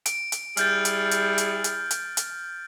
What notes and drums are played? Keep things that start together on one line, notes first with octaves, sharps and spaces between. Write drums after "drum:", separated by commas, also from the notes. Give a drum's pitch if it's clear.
D7, drum: hi-hat
drum: hi-hat
G3 E4 G#4 F6 G6 A6, drum: hi-hat
drum: hi-hat
drum: hi-hat
drum: hi-hat
drum: hi-hat
drum: hi-hat
drum: hi-hat